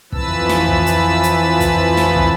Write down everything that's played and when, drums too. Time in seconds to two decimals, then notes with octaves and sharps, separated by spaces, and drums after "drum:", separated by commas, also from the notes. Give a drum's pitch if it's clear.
0.12 F2 E3 F3 B4 A5 E6, drum: kick
0.49 drum: snare
0.68 drum: kick
0.86 drum: hi-hat
1.23 drum: hi-hat
1.60 drum: kick, hi-hat
1.97 drum: snare
2.16 drum: kick